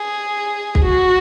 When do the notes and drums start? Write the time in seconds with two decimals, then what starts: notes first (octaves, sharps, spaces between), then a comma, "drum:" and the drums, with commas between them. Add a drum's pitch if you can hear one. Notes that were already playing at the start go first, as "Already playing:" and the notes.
Already playing: G#4
0.75 drum: kick
0.85 F#4